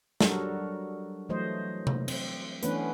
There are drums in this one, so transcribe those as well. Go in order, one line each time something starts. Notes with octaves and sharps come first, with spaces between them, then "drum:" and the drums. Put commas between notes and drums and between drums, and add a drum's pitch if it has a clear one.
F#3 G3 D4 F#4 A4 A#4, drum: snare
E3 F#3 A3 C5 D#5
drum: tom C3
C4, drum: cymbal
E3 A3 B3 C#4 D4 B4, drum: hi-hat